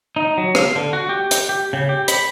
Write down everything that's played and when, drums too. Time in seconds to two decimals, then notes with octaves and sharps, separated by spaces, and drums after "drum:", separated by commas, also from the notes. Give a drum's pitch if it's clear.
0.16 D#4
0.38 F#3
0.55 F5, drum: rim click
0.76 D3
0.93 F#4
1.09 G4
1.31 drum: hi-hat
1.49 G4
1.73 C#3
1.89 G4
2.08 B5, drum: hi-hat